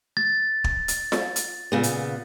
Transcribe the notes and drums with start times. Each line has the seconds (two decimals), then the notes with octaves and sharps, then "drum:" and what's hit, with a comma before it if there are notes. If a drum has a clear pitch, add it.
0.17 A6
0.64 drum: kick
0.88 drum: hi-hat
1.12 drum: snare F4
1.36 drum: hi-hat
1.72 A#2 C#3 B3
1.83 drum: hi-hat